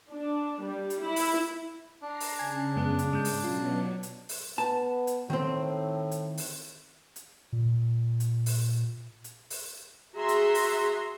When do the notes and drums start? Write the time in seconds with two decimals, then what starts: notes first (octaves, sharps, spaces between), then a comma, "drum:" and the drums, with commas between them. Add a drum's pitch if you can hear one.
0.11 D4
0.64 G3
0.90 drum: hi-hat
1.03 E4
1.16 drum: open hi-hat
2.02 D4 A#5 C7
2.20 drum: open hi-hat
2.39 C#3 G#5 G#6
2.76 F#2 G#3 B3
2.99 drum: hi-hat
3.11 G#2 G#3 G6
3.25 drum: open hi-hat
3.43 B2 F#3 C#4 F4
4.03 drum: hi-hat
4.29 drum: open hi-hat
4.58 B3 A5
5.07 drum: hi-hat
5.30 A2 D#3 C4
6.11 drum: hi-hat
6.38 drum: open hi-hat
7.16 drum: hi-hat
7.53 A#2
8.20 drum: hi-hat
8.46 drum: open hi-hat
9.24 drum: hi-hat
9.50 drum: open hi-hat
10.16 F#4 G#4 E5 A#5 C6
10.29 drum: hi-hat
10.55 drum: open hi-hat